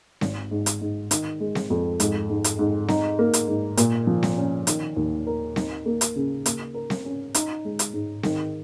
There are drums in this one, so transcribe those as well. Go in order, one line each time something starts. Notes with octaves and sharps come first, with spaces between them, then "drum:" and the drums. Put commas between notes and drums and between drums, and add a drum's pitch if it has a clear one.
G#1, drum: snare C4
G#2
drum: hi-hat
G#2
D#3, drum: hi-hat
G#3
drum: snare C4
F2
G#2, drum: hi-hat
G#2
drum: hi-hat
G#2
D#4, drum: snare C4
A#3
drum: hi-hat
G#2
A#2, drum: hi-hat
F3
drum: snare C4
C#4
D#3, drum: hi-hat
D#2
A#4
D#4, drum: snare C4
A#3
drum: hi-hat
C#3
A#3, drum: hi-hat
A#4
drum: snare C4
C#4
D#4, drum: hi-hat
G#3
drum: hi-hat
G#2
D#3, drum: snare C4